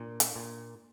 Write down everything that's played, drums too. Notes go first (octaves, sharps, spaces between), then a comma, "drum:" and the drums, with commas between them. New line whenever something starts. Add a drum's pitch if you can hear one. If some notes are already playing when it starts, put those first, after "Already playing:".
Already playing: A#2 D4
drum: hi-hat
A#2